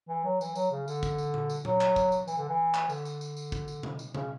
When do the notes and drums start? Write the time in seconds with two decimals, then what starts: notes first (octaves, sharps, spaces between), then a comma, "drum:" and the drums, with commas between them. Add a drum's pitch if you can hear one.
0.09 E3
0.25 F#3
0.41 E3, drum: tambourine
0.55 F#3, drum: tambourine
0.72 C#3
0.88 D3, drum: tambourine
1.03 drum: kick, tambourine
1.18 drum: tambourine
1.34 drum: tom A#2
1.50 drum: tambourine
1.65 F#3, drum: tom A#2
1.81 drum: clap
1.96 drum: kick, tambourine
2.12 drum: tambourine
2.28 E3, drum: tambourine
2.38 D3
2.49 E3
2.74 drum: clap
2.90 D3, drum: tambourine
3.05 drum: tambourine
3.21 drum: tambourine
3.37 drum: tambourine
3.52 drum: kick, tambourine
3.68 drum: tambourine
3.83 drum: tom B2
3.99 drum: tambourine
4.15 C#3, drum: tom B2